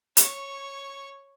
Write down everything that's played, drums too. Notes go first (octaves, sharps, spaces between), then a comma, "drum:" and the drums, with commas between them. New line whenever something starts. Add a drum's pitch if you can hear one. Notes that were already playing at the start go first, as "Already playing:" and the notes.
C#5 C#6, drum: hi-hat